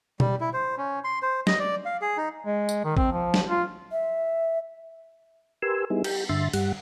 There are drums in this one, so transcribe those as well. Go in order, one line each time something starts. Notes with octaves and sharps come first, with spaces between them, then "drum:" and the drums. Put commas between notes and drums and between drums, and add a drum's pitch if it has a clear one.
G3, drum: tom B2
E4
C5
C#4
C6
C5
D#5, drum: snare
D5
F5
G#4
D#4
G#3
drum: tambourine
D#3
C4, drum: kick A1
F3
drum: snare
F4
E5
G4 A#4 B4 G#5 C6 E6
G3 B3 D#4 E4 G#4
G4 G5, drum: cymbal
G2 D3 E5 C6 A6
G2 G3 F#5, drum: cymbal